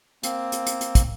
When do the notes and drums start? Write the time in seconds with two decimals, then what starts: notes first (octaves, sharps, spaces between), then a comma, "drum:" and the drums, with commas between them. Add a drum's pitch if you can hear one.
0.23 A#3 C4, drum: hi-hat
0.52 drum: hi-hat
0.66 drum: hi-hat
0.81 drum: hi-hat
0.95 drum: kick, hi-hat